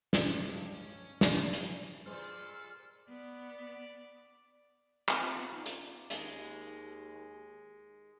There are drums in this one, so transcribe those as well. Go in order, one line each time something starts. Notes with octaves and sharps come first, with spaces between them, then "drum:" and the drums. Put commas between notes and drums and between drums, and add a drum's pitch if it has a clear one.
C#2, drum: snare
G2
C#4
D3 C#4, drum: snare
G#4 G5, drum: hi-hat
A#2 G3 G#3 A4 C5 F6
B3 D5
C4, drum: clap
F4
B3
D#4
D5, drum: hi-hat
A5
D#2 G#3, drum: hi-hat